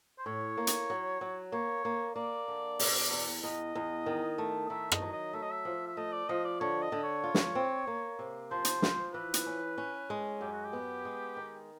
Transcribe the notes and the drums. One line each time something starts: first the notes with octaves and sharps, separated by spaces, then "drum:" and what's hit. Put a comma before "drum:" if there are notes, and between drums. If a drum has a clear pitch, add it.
C5
A2 C#5
A#3
drum: hi-hat
F#3
F#3
A#3 C#5
A#3
A#3 D5
D3
B2, drum: open hi-hat
E2
E2 D#5
E2
D#3
A3
D#3 E5
D#5, drum: rim click
F#3
D#5
A3 E5
D#5
E5
F3
E5
A3 D#5
D5
F3 D#5
D5
D3 C#5
D#5
D3
C#5
F4
drum: snare
C4
A#3
C3
F3 C5
drum: hi-hat
F3, drum: snare
E3 B4
drum: hi-hat
C#4
C#4
G#3
F#2 G4
F#4
G4
B3
G#3
D#3